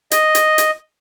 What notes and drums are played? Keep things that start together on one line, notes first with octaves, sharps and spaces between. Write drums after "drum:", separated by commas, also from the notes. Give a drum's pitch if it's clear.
D#5, drum: hi-hat
drum: hi-hat
drum: hi-hat